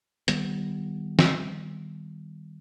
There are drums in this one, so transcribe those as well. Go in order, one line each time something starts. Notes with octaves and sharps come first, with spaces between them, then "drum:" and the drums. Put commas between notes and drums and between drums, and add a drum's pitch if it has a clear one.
D#3 G3 B3, drum: hi-hat
drum: snare